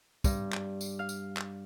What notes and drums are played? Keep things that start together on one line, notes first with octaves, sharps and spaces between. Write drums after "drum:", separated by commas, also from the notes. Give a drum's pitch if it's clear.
G2, drum: kick, tambourine
drum: clap
drum: tambourine
F5
drum: tambourine
drum: clap